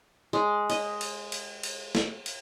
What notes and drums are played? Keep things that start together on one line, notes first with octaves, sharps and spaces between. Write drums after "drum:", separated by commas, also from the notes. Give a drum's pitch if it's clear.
G#3
D#5, drum: cymbal
drum: cymbal
drum: cymbal
drum: cymbal
drum: snare
drum: cymbal